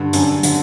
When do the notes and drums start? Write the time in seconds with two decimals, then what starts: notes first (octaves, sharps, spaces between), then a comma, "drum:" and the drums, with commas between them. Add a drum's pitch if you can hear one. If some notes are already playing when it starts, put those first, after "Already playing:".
Already playing: G2 D3
0.13 F#2 D4, drum: hi-hat
0.43 D3, drum: hi-hat